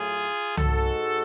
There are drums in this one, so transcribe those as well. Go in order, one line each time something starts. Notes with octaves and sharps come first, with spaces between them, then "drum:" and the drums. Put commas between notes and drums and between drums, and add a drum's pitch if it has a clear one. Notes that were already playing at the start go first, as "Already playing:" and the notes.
Already playing: A2 F#3 A3 F4 G#4
G#2 G#3 F#4 A4, drum: tom C2